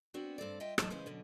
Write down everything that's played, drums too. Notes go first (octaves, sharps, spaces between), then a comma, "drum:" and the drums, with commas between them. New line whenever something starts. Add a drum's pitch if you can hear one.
B3 C4 D4 F#4
G2 C4 A4 D5
F4 D#5 E5 G5
E2 A2 F#3 A3 D#4 A5, drum: rim click
C#3 E3 G#3 B4 C5
F#2 B2 D3